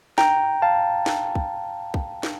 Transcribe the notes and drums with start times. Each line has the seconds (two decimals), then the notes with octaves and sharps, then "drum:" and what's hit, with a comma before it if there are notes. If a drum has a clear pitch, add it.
0.18 G5 A#5, drum: snare
0.62 F5 A5
1.06 drum: snare
1.35 drum: kick
1.94 drum: kick
2.23 drum: snare